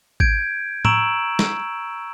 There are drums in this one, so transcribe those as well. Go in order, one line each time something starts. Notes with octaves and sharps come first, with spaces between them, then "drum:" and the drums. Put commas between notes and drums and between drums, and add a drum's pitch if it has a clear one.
G6 G#6 D7, drum: kick G#1
A#5 C#6 E6 D7 E7 F#7, drum: tom A2
drum: snare